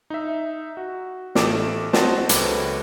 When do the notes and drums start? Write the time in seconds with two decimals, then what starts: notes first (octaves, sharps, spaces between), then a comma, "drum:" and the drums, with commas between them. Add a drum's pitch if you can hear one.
0.10 D#4 E5
0.77 F#4
1.35 A1 A3 D6 D7 E7, drum: snare
1.93 C4 F#4 C5 D#5 A5, drum: snare
2.29 C#2 F#3 A4 B4 D6, drum: hi-hat